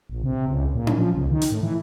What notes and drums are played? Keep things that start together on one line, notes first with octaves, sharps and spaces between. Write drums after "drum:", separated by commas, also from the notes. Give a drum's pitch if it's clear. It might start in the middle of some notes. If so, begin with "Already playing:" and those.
A#1
C3
C#2
A#2
drum: tom C#4
F3
C#2
D#3
drum: hi-hat
A2
E3